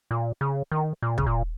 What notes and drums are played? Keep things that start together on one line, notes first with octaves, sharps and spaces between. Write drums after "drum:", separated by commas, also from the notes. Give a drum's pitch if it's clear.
A#2
C#3
D#3
A#2
C#3, drum: kick
A#2